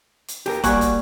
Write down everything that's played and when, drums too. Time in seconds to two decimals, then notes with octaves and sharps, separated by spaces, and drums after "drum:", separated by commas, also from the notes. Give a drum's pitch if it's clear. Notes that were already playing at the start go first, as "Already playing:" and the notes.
0.28 drum: hi-hat
0.46 G4 G#4 A#4, drum: snare
0.64 G3 A#3 F#4 G#4, drum: kick, hi-hat
0.81 drum: kick, hi-hat